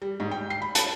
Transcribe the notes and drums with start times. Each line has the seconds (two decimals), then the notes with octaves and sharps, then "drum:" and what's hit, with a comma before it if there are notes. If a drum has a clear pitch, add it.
0.02 G3
0.20 G#2
0.31 G5
0.50 C7
0.62 B5
0.75 A5, drum: hi-hat